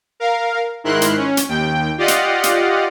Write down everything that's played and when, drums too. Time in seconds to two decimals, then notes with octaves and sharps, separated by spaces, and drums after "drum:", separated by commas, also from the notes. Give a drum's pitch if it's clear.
0.20 A#4 F5
0.84 G#2 D#3 E4 A#4 C6 F#6
1.02 drum: hi-hat
1.17 C#4
1.37 drum: hi-hat
1.48 D#2 G5
1.98 F4 G4 D5 D#5 F5 F#5
2.08 drum: hi-hat
2.44 drum: hi-hat